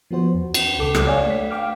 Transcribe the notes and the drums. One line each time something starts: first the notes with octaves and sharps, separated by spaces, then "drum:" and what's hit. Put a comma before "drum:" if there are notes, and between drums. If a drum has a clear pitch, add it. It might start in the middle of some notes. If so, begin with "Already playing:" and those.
F3 B3 F#4 C5
E2
drum: cymbal
C#2 A4 D6
drum: rim click
C#5 D5 F5 G#5
A3 B6
F5 G5 D6 F6